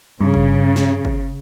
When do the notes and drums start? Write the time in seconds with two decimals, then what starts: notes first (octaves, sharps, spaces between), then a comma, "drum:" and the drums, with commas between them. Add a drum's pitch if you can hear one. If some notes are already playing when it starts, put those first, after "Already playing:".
0.21 G2 C#3
0.34 drum: kick
0.76 drum: snare
1.05 drum: kick